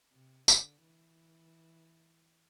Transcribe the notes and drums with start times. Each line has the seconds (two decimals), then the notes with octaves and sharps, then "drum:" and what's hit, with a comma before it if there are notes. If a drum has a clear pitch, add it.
0.12 C3
0.48 D3, drum: tambourine
0.83 E3